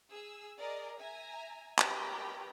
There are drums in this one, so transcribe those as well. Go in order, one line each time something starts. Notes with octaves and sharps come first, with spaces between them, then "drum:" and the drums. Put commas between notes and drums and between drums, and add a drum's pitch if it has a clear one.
G#4 E6
G#4 A#4 D5 D#5
E5 G#5 A#5
G4 A#4 B4 G5 A#5 B5, drum: clap